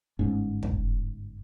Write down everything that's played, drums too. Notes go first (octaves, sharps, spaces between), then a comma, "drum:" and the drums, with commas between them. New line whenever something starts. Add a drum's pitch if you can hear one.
G1 G#2 C#4
drum: kick